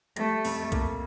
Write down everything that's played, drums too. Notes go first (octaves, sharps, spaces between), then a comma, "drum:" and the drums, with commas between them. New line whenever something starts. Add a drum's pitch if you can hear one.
G3 A3, drum: hi-hat
F2, drum: open hi-hat
A#3, drum: kick B1, hi-hat